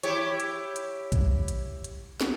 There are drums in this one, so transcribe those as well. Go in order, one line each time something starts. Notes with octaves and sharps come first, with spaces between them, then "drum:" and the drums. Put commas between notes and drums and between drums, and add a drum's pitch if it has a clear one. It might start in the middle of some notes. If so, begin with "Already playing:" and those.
E4 G4 C#5, drum: hi-hat
drum: hi-hat
drum: hi-hat
drum: kick A#1, hi-hat
drum: hi-hat
drum: hi-hat
drum: snare